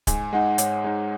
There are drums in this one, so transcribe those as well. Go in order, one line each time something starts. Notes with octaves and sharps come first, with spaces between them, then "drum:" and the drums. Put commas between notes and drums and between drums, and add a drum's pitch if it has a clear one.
G#2 G#5, drum: kick D1, hi-hat
G#3 D#4 F#5
G#2 C#5, drum: hi-hat
G#3 D#4